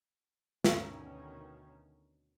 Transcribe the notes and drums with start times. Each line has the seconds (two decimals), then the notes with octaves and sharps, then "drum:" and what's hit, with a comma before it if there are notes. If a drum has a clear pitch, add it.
0.64 D2 B2 D#3 C#4, drum: snare